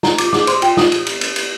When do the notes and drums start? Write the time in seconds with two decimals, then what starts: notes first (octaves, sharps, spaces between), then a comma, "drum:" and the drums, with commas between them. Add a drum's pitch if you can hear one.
0.03 F4 A#5, drum: snare
0.18 F4 D6, drum: cymbal
0.33 G#4 D6, drum: snare
0.47 C5 C6, drum: cymbal
0.62 F4 G5, drum: cymbal
0.77 F4 D#6, drum: snare
0.92 drum: cymbal
1.07 drum: cymbal
1.21 drum: cymbal
1.36 drum: cymbal